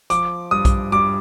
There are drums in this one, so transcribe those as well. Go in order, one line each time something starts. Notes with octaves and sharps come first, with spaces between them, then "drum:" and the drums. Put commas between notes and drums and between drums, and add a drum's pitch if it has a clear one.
F3 D6, drum: hi-hat
G2 D#6
drum: kick B1, hi-hat
G2 D6